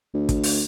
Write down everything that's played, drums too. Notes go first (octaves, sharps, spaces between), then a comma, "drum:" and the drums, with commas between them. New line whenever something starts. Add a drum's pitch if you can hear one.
D2
drum: kick, hi-hat
drum: open hi-hat